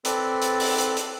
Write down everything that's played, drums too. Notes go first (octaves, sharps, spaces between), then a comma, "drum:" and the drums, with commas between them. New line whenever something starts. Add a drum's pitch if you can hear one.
C4 A4 B4 D5, drum: hi-hat
drum: hi-hat
drum: open hi-hat
drum: hi-hat
drum: hi-hat